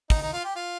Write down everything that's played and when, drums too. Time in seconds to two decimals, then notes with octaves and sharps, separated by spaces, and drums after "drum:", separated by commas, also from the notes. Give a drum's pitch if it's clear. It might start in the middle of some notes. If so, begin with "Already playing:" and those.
0.10 D#4, drum: kick, open hi-hat
0.22 D#4
0.33 F4
0.45 G4
0.56 F4